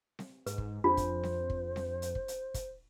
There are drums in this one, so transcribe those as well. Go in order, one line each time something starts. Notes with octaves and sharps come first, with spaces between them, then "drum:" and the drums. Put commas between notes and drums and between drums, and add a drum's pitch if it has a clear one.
drum: snare C4
G#2 B4, drum: hi-hat
drum: kick
F2 D4 F4 C5
drum: kick, hi-hat
drum: snare C4
drum: kick
drum: snare C4
drum: hi-hat
drum: kick
drum: hi-hat
drum: kick, hi-hat